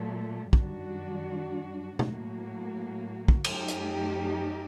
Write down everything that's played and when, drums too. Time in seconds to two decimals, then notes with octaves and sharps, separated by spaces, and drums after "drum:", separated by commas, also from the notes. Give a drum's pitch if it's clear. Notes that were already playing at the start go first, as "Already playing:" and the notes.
Already playing: A#2 F#3 A3
0.53 F#2 D#3 G3 D4 F#4, drum: kick
1.99 A2 F#3 A#3 F#4, drum: tom B2
3.28 drum: kick
3.44 F#2 F#3 A3 D#4 G4, drum: cymbal
3.68 drum: hi-hat